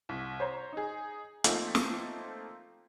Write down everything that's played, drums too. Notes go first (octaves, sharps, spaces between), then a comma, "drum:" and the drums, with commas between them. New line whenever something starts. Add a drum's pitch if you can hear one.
C2
C5 C#5 A#5
D#4 G#4
F3 A3 A#3 C4 D#4 F4, drum: hi-hat
drum: snare